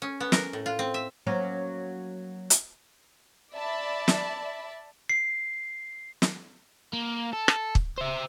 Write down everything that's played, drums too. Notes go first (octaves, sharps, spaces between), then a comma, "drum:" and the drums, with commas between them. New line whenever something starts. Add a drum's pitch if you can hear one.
C#4
B3
A#4, drum: snare
A2
F4
C4
E5
F#3 A#3 C#4
drum: hi-hat
D5 E5 A5 B5
drum: snare
C7
drum: snare
A#3
A4
drum: rim click
drum: kick
C5 E5